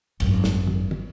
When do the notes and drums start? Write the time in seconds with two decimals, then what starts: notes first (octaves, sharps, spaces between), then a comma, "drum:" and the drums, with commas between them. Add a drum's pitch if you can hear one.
0.20 G#1 F#2, drum: cymbal
0.44 drum: snare
0.67 drum: tom
0.91 drum: tom